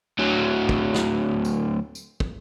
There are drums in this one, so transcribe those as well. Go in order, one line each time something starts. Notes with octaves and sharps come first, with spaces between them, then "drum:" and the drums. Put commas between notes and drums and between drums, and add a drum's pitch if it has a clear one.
D2 F#3
drum: kick
drum: snare
drum: tambourine
drum: tambourine
drum: kick